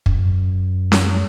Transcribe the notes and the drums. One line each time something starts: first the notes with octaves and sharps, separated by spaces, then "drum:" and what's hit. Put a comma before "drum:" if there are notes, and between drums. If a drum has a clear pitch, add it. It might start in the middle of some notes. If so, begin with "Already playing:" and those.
F#2, drum: kick
drum: snare C#4